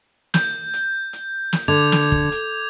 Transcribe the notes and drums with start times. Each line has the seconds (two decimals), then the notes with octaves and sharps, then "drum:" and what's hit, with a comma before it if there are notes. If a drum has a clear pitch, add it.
0.34 G6, drum: snare
0.73 drum: hi-hat
1.13 drum: hi-hat
1.53 drum: snare
1.68 D3 D6 G#6 F7
1.92 drum: snare
2.12 drum: kick
2.32 drum: hi-hat